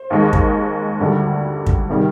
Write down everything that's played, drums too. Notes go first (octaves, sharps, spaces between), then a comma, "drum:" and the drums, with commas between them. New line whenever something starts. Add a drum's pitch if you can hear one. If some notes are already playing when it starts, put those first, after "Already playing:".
Already playing: C5
D#2 D#3 G#3
drum: kick
D2 D3 G3
drum: kick
C3 D#3 G3